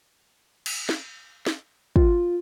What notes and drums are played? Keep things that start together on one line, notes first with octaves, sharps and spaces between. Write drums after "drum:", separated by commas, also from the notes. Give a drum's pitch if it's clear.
drum: cymbal
drum: snare
drum: snare
F4, drum: kick